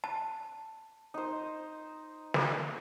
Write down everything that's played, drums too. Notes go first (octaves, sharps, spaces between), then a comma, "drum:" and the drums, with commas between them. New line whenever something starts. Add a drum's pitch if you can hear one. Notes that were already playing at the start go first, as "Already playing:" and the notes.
A5
D#4 C5
drum: snare